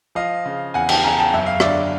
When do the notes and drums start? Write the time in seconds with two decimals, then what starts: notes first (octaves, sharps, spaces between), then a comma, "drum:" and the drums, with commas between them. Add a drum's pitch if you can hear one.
0.15 F3 D#5 F5
0.46 C#3
0.74 E2 F#5 G#5
0.89 G5 A5, drum: cymbal
1.04 C#3 G#5 A#5
1.19 G5 A5
1.34 F#2 E5
1.46 F5
1.60 D3 D5 E5, drum: rim click